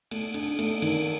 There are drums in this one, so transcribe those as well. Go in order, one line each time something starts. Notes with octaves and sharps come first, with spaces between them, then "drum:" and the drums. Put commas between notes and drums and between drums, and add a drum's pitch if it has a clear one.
A3, drum: cymbal
D4, drum: cymbal
A3, drum: cymbal
D#3, drum: cymbal